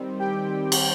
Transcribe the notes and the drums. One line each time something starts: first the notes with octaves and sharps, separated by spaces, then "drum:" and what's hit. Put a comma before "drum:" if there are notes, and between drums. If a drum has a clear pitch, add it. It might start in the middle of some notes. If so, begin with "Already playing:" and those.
Already playing: D#3 G3 C4
G4 G5
drum: cymbal